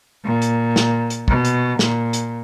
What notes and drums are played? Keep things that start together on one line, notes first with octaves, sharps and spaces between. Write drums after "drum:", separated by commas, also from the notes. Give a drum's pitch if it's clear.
A#2
drum: hi-hat
drum: snare
drum: hi-hat
B2, drum: kick
drum: hi-hat
A#2, drum: snare
drum: hi-hat